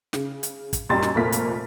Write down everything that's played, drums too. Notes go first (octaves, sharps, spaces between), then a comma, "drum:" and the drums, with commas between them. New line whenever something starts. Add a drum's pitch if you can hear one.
C#3, drum: snare
drum: hi-hat
drum: kick, hi-hat
F#2 A#2 G3 D#5 C6 A6
drum: snare
F1 A#2 A3 A#3 F4 B6
drum: hi-hat